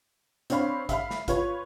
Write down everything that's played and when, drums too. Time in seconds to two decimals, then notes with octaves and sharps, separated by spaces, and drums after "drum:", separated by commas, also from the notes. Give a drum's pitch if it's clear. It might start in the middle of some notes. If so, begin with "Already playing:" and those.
0.50 C4 D4 C#5 F5 B5, drum: hi-hat
0.89 E5 F5 B5, drum: kick, hi-hat
1.11 drum: snare
1.28 F4 B4 C#5, drum: kick, hi-hat